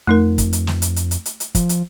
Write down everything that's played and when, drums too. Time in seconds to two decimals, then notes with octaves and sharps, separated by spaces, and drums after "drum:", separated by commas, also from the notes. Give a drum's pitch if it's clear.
0.07 F2 A3 D#4 A#4
0.38 drum: kick, hi-hat
0.53 drum: hi-hat
0.67 drum: snare
0.82 drum: hi-hat
0.96 drum: hi-hat
1.11 drum: hi-hat
1.26 drum: hi-hat
1.40 drum: hi-hat
1.55 F3, drum: kick, hi-hat
1.69 drum: hi-hat